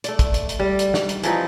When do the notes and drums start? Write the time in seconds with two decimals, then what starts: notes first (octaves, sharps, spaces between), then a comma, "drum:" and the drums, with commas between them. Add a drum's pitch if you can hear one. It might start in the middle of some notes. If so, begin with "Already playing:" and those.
0.04 A3 D5, drum: hi-hat
0.19 drum: kick, hi-hat
0.34 drum: hi-hat
0.49 drum: hi-hat
0.59 G3
0.79 drum: hi-hat
0.94 drum: snare
1.09 drum: hi-hat
1.24 E3 F3 C4 D#4, drum: hi-hat